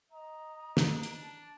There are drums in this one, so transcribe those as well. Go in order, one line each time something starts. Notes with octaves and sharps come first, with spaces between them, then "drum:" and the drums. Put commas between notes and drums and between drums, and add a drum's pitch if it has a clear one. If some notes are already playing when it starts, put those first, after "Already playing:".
D#5 A#5
D4, drum: snare
drum: hi-hat
A5